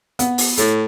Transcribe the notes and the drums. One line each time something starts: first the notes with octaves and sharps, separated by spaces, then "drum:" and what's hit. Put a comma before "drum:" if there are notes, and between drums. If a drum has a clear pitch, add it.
B3, drum: hi-hat
drum: open hi-hat
A2 A3, drum: hi-hat